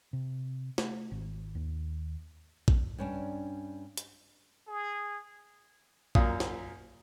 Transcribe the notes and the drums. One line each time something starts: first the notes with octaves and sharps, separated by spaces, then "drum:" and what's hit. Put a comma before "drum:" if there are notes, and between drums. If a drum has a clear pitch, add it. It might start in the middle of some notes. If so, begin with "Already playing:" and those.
C3
A3, drum: snare
G#1
D#2
drum: kick
G2 C#4 D4
drum: hi-hat
G#4
F#2 A#2 F5 D#6, drum: kick
drum: snare